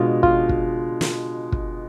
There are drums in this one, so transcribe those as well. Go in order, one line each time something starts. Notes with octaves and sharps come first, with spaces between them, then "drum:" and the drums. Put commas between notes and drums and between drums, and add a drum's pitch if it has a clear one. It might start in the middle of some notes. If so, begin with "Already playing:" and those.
Already playing: B2 G#3 D4 F4
F4, drum: kick
drum: kick
drum: snare
drum: kick